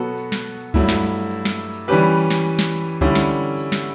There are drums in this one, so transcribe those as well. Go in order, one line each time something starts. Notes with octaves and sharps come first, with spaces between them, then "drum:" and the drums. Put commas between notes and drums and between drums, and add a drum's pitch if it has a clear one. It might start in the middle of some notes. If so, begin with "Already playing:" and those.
Already playing: B2 F#3 B3 F#4 A4
drum: tambourine
drum: snare
drum: tambourine
drum: tambourine
G2 F#3 A3 E4, drum: kick C#2, tambourine
drum: snare
drum: tambourine
drum: tambourine
drum: tambourine
drum: snare
drum: tambourine
drum: tambourine
E3 G3 C#4 G4 B4, drum: tambourine
drum: tambourine
drum: tambourine
drum: snare
drum: tambourine
drum: snare
drum: tambourine
drum: tambourine
D3 G3 C#4 E4, drum: kick C#2, tambourine
drum: snare
drum: tambourine
drum: tambourine
drum: tambourine
drum: snare